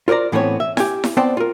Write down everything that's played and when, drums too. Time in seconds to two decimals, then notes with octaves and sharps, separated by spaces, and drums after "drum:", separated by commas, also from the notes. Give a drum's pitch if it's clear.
0.08 F4 A#4 C5 D5 A#5
0.32 A2 E3 A3 B3 C4 C#5
0.60 E5
0.77 G4 G#5, drum: snare E4
1.04 drum: snare E4
1.17 B3 C4 C5 D5 G5 A5
1.37 F4 A#4